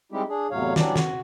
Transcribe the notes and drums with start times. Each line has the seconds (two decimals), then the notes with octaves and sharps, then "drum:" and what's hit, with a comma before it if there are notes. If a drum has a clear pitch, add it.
0.12 G3 G#3 C4 D#4 E4 G4
0.29 D4 G#4
0.51 E2 A2 C3 F#3 C#5 F5
0.76 E3 F#3 G3 D4 D5, drum: snare
0.96 F#4, drum: snare